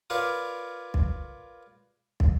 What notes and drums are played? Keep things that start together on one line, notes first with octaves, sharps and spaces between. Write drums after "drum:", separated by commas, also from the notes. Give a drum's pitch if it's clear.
F4 A#4 B4 C#5 D5 F5
drum: kick
drum: kick